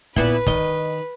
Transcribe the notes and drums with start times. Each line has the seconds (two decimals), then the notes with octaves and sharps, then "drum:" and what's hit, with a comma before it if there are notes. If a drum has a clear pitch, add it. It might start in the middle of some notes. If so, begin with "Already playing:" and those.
0.16 A#2 B3 E4 B4, drum: kick
0.47 D#3 D#5, drum: kick